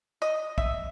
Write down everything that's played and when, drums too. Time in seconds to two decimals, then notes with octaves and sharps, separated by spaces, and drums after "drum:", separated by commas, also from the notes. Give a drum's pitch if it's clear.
0.22 D#5
0.58 E5, drum: kick